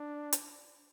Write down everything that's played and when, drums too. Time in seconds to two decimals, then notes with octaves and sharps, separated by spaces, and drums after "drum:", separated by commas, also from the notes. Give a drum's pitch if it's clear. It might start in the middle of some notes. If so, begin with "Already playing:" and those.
Already playing: D4
0.33 drum: hi-hat